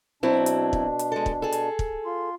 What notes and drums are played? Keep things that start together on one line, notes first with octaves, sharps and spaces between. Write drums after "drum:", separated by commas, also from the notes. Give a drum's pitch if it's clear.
B2 F#3 C4 D4 E4
drum: hi-hat
drum: kick
drum: hi-hat
G#3 A4
drum: kick
G#4 A4
drum: hi-hat
drum: kick
F4 C6